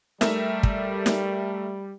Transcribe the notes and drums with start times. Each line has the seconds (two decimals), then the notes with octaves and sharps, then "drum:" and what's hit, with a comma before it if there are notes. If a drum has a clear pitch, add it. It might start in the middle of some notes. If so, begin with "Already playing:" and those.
0.21 G3 A3 A#4 E5, drum: snare
0.63 drum: kick
1.06 drum: snare